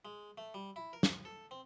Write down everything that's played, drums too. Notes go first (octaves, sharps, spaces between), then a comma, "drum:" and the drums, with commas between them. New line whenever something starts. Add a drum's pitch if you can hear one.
G#3
A3
G3
E4
A#4
drum: snare
A4
C4